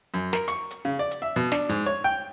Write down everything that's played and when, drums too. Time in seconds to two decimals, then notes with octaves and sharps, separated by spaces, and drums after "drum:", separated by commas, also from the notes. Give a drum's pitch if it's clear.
0.14 F#2
0.33 A#4, drum: snare
0.48 C#6, drum: hi-hat
0.71 drum: hi-hat
0.85 C#3
0.99 D5
1.11 drum: hi-hat
1.22 E5
1.36 B2
1.52 D4, drum: snare
1.69 G#2, drum: hi-hat
1.86 C#5
2.04 G5